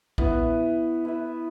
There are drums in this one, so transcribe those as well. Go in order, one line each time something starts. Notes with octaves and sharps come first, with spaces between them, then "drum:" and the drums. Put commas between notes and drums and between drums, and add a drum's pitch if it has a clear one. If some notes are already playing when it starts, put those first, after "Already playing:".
B3 E4 B4 E5, drum: kick
E4 B4 E5